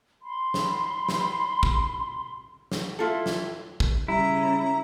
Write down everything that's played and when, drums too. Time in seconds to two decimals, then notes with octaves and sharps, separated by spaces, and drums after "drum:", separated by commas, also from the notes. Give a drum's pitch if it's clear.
0.22 B5 C6
0.54 drum: snare
1.09 drum: snare
1.63 drum: kick
2.72 drum: snare
2.99 E4 F4 A4
3.26 drum: snare
3.80 drum: kick
4.08 C#3 G3 C#4 E4 A#5